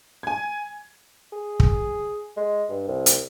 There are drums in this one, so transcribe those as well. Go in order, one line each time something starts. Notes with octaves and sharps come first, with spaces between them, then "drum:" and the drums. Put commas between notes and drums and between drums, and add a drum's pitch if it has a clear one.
G#5 G#6
G#4
drum: kick
G#3
G2
C2
drum: hi-hat